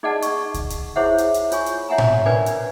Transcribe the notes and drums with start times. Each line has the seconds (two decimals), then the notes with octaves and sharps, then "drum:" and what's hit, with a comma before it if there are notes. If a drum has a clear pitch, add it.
0.03 D#4 G#4 D5 D#5 F#5 A5
0.22 C#6, drum: hi-hat
0.54 drum: kick C#2, hi-hat
0.70 drum: hi-hat
0.96 E4 G#4 C5 C#5 E5 F#5
1.18 drum: hi-hat
1.34 drum: hi-hat
1.52 F4 C#5 G#5 C#6, drum: hi-hat
1.66 drum: hi-hat
1.89 C#5 E5 F#5 G#5 A#5
1.98 drum: tom A2
2.26 C#4 D4 A#4 B4 D5 G#5
2.46 drum: hi-hat